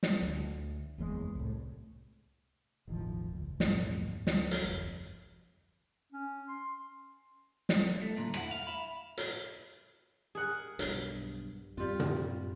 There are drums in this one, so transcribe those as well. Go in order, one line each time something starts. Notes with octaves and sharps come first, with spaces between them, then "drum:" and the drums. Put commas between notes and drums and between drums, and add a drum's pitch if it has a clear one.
drum: snare
D2
F#1 E2 C3 G#3
C2 A2
E1 A1 D#3 F3
F#1 C#2
B1 F2 A2, drum: snare
D#2 G#2
D2 F3 G3, drum: snare
drum: hi-hat
G1 C2 F2
C#4
C6
drum: snare
A3
G2 A#2 D3
E4 F#5, drum: rim click
F5
E5 B5
drum: hi-hat
G#4 A#4 F#5
B1 G2, drum: hi-hat
F#2 G3 C4 F4
drum: tom A#2